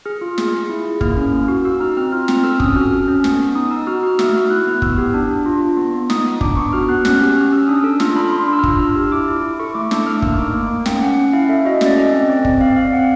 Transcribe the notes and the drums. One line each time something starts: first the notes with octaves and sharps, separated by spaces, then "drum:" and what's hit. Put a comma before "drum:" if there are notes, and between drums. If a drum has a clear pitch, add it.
G#4 F6
F4
G#4, drum: snare
G#4
E4
E4
A#3 F6, drum: kick
C#4
A#3
F#4
F#4 E6
D#4 F6
C4 F6
F4 F6
C4 F6, drum: snare
A4 E6
C#4 D#6, drum: kick
F#4 F6
A4
C#4
B3, drum: snare
B3
D#4 D#6
D#4 E6
F#4 F6
F#4 F6
A3 E6, drum: snare
F#4
E4 F#6
B3 F6
B3 E6, drum: kick
G4
D4
D4
F4
F4
B3
B3
D#4 D#6, drum: snare
D#4
D4 D6, drum: kick
B3 C#6
F#4 F6
B3 F#6
C#4 F#6, drum: snare
G4
C#4 F6
C#4 E6
D4 D#6
A4 E6
F4 F6, drum: snare
D4 B5
D4 C6
C6
D4 E6
F6
F4 E6, drum: kick
D4 F6
F6
G4 E6
E4 D6
E4
E4
A4 C#6
A3 D6
D4 E6, drum: snare
A3 F6
A#3 E6, drum: kick
D#4 D6
A#3
A#3
C#4 G5, drum: snare
C#4 F#5
C#4 F#5
E4 F5
A4 E5
F#4 D#5
C#4 D5, drum: snare
A4 D#5
C4 D#5
C4 D5
C4 D5, drum: kick
C4 F5
C4 F5
C4 F#5